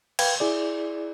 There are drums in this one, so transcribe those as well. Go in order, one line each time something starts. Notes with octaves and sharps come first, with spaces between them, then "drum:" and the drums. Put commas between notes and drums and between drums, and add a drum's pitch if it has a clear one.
B4 F5 G5 G#6, drum: cymbal
E4 G#4 D5